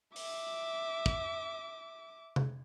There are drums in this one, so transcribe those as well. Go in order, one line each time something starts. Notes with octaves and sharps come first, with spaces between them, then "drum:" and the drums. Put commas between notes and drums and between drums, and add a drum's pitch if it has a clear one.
E5 D6, drum: open hi-hat
drum: kick
drum: tom C3